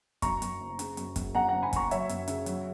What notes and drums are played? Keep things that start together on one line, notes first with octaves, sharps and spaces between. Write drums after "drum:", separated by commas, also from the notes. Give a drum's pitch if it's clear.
F#2 A#5 C#6, drum: kick, hi-hat
F#2, drum: hi-hat
F#1
C#3, drum: hi-hat
F#2, drum: hi-hat
F#2, drum: kick, hi-hat
F#2 F#5 A#5
F#1 F#5 A#5
G#5 B5
F#1 A#5 C#6, drum: kick, hi-hat
F#3 C#5 E5, drum: hi-hat
F#2, drum: hi-hat
C#3, drum: hi-hat
F#3, drum: hi-hat